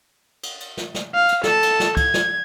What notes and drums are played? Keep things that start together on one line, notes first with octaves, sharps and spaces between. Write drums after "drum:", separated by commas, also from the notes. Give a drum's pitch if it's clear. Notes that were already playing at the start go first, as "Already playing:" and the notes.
drum: cymbal
drum: cymbal
drum: snare
drum: snare
F5
drum: cymbal
A4 A5, drum: snare
drum: cymbal
drum: snare
G#6, drum: kick, cymbal
drum: snare